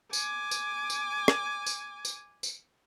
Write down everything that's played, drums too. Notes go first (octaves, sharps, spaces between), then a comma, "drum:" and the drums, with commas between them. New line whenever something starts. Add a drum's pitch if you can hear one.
G#5 D6, drum: tambourine
drum: tambourine
drum: tambourine
drum: rim click
drum: tambourine
drum: tambourine
drum: tambourine